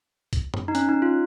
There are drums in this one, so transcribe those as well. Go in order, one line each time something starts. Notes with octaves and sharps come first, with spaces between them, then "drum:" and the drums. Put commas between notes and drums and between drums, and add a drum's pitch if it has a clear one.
drum: kick C2, hi-hat
drum: tom F#2
D#4
C#4, drum: hi-hat
D#4
F4